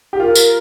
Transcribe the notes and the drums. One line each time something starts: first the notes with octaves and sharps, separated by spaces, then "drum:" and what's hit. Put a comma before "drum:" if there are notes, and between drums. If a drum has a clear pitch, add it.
G4
F4 A#4
drum: tambourine